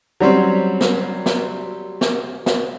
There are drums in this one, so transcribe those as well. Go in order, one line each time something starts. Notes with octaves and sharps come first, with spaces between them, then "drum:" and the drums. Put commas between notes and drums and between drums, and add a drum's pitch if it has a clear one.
F#3 G3 C4 C#4
drum: snare
drum: snare
drum: snare
drum: snare